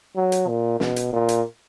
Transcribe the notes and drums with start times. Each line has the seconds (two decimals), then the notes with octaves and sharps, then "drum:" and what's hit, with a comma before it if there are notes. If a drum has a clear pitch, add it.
0.16 F#3
0.32 drum: hi-hat
0.48 A#2
0.80 B2, drum: snare
0.96 drum: hi-hat
1.13 A#2
1.29 drum: hi-hat